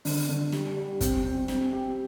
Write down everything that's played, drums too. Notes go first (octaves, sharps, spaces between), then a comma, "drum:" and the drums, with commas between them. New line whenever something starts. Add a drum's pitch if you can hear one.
D3, drum: open hi-hat
D3
G3, drum: snare
G3
C4, drum: kick, hi-hat
C4
C4, drum: snare
G4